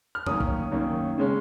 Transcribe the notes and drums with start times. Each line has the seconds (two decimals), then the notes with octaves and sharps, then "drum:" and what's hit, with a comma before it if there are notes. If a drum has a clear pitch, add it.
0.15 F6
0.27 F#2 D#3 A#3 C#4 D#6, drum: tom
0.40 drum: kick
0.71 F#2 D#3 A#3 C#4
1.18 C#3 G#3 C#4